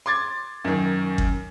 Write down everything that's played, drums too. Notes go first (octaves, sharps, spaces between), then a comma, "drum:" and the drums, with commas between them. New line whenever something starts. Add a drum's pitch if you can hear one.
C6 D6 G#6 A6
F#2 D#3
drum: kick G1